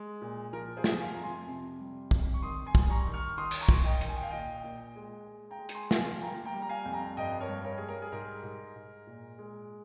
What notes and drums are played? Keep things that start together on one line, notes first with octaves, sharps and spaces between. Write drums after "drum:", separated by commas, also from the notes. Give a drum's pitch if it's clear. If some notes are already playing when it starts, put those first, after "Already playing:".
Already playing: G#3
A#2
F3 A#4
G#4 C5
F3, drum: snare
F5 G#5
F2 A#5
G#5 C6
C3
G3
C3, drum: kick
C#6
D#3 C6 D#6
G#5 C6
G3, drum: kick
A#5 C#6
D#3
C#6 F6
D#3 C6 D#6
drum: cymbal
A#5 C#6
D#3, drum: kick
D#5 G5
D#3, drum: hi-hat
G#5
G5
F5
A#2 D#5 G5
A#2
G#3
G#3
G5 A#5
G#3
A#5, drum: hi-hat
G#5 C6
F3, drum: snare
F5 G#5
A#3 G5 A#5
G5 A#5
G3
A#5
F5 G#5
F2
G5 A#5
G2 D#5 G5
A#4 C#5
G3
A#4 C#5
G3 G#4
A#4
G#4
G#2 A#4
G#2
G#2
A#2
G#3